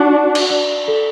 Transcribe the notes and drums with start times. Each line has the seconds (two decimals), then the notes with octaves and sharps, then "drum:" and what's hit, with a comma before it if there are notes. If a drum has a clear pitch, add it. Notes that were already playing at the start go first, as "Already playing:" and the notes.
Already playing: D4 D#4 F#4
0.13 D5
0.35 drum: cymbal
0.50 D5
0.88 A4